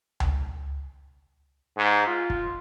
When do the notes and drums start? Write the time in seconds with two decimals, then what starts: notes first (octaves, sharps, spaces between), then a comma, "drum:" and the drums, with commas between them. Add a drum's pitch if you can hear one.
0.20 drum: tom C#2
1.78 G#2
2.07 F4
2.30 drum: kick